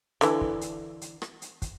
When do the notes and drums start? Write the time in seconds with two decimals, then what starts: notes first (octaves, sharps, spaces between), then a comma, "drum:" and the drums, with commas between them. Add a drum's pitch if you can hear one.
0.21 D3 E3, drum: hi-hat
0.41 drum: kick
0.61 drum: hi-hat
1.02 drum: hi-hat
1.22 drum: rim click
1.42 drum: hi-hat
1.62 drum: kick, hi-hat